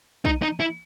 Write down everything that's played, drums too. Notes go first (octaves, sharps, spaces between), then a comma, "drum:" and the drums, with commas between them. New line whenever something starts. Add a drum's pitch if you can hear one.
D#4, drum: kick B1
D#4
E4